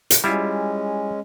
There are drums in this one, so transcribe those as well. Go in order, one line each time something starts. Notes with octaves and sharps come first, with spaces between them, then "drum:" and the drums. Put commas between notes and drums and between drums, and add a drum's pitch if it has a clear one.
drum: hi-hat
G3 G#3 C#4 E4 F4